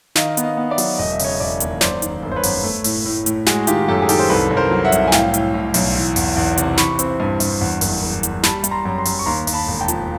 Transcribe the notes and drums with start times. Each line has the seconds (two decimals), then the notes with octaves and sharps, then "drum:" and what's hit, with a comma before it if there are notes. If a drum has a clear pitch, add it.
0.15 D#3 D#5 F5, drum: snare
0.37 B3, drum: hi-hat
0.43 D#5 F5
0.57 B3
0.70 D5 E5
0.78 F#3, drum: open hi-hat
0.98 E1 D#5
1.11 E5
1.19 C#3 C#5 D#5, drum: open hi-hat
1.40 E1 D5 E5
1.60 D#2, drum: hi-hat
1.81 F#2 C5 D5, drum: snare
2.02 D#3, drum: hi-hat
2.23 G1
2.32 C5
2.36 B4 C#5
2.43 F#2, drum: open hi-hat
2.64 A3
2.84 A2, drum: open hi-hat
3.06 A2
3.26 A2, drum: hi-hat
3.46 G#3 F#4 G#4, drum: snare
3.67 D#3 F4 G4, drum: hi-hat
3.88 F#2 G4 A4
4.02 G#4
4.09 D#3 G4 A4, drum: open hi-hat
4.19 C5
4.29 C2 A4 B4
4.50 C2
4.57 A#4 C5
4.71 F#3
4.85 E5 F#5
4.92 C2, drum: hi-hat
5.07 G#5
5.12 A2 F5 G5, drum: snare
5.34 A2, drum: hi-hat
5.54 A2
5.74 B1, drum: open hi-hat
5.96 E3
6.16 E2, drum: open hi-hat
6.37 E2
6.57 C3, drum: hi-hat
6.77 E3 B5 C#6, drum: snare
6.99 C4, drum: hi-hat
7.20 G2
7.40 G2, drum: open hi-hat
7.61 E2
7.81 F#1, drum: open hi-hat
8.02 F#1
8.23 E2, drum: hi-hat
8.43 G3 A5 B5, drum: snare
8.64 G3, drum: hi-hat
8.71 A#5 C6
8.85 F#2
8.98 A#5 C6
9.05 F#2, drum: open hi-hat
9.19 C#6
9.26 D#2 A#5 C6
9.47 D#2, drum: open hi-hat
9.53 A5 B5
9.68 E1
9.81 G5 A5
9.88 F3, drum: hi-hat